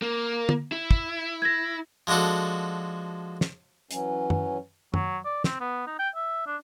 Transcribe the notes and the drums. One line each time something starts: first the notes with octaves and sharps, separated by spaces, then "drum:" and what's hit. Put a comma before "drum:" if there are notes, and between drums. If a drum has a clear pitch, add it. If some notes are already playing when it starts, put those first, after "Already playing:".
A#3
drum: tom
E4
drum: kick
G#6 A#6
F3 G#3 D4 F#4 A4
drum: snare
E3 F#3 C#4, drum: hi-hat
drum: tom
F#3, drum: tom
D5
C4, drum: snare
B3
D#4
G5
E5
D4